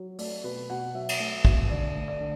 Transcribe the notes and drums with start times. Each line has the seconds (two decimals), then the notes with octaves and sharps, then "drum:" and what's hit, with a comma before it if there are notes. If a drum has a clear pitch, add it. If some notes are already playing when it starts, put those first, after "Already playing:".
Already playing: F#3
0.19 A3 D5, drum: open hi-hat
0.44 B2 B4
0.70 B2 F#5
0.95 F#3 E5
1.09 drum: cymbal
1.20 A3
1.32 E5
1.45 B2, drum: kick
1.70 D3 D5
1.95 A3
2.08 D5
2.21 D3